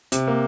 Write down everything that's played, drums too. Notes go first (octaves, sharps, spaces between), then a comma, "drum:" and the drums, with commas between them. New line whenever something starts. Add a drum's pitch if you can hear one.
C3, drum: hi-hat
A#3